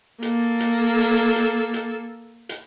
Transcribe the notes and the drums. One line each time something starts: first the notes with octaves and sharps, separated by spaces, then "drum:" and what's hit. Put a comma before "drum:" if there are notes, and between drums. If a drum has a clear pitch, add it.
A#3 A4, drum: hi-hat
drum: hi-hat
drum: open hi-hat
drum: hi-hat
drum: hi-hat
drum: hi-hat